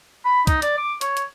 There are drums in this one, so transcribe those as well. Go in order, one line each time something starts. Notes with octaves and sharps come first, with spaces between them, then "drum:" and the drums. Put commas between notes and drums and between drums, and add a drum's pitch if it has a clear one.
B5
D#4, drum: kick, hi-hat
D5, drum: hi-hat
D6
C#5, drum: hi-hat
drum: hi-hat